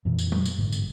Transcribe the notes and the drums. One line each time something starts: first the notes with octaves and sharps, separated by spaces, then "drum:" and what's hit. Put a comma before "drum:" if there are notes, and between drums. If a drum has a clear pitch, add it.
F2 A#2 E3
drum: tambourine
drum: tom F#3
drum: tambourine
G1 G#2 D3
drum: tambourine